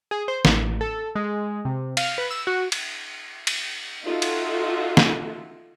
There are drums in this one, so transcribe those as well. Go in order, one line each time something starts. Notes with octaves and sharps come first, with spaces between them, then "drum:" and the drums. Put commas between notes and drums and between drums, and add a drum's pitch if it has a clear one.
G#4
C5
A1, drum: snare
A4
G#3
C3
F5, drum: cymbal
B4
E6
F#4
drum: cymbal
drum: cymbal
D#4 F4 F#4 A4 E5
drum: cymbal
drum: snare